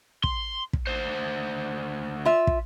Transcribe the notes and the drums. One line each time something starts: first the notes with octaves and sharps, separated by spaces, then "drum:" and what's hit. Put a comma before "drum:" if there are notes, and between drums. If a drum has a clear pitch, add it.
C6, drum: kick
drum: kick
D2 C5
F4 E5
drum: kick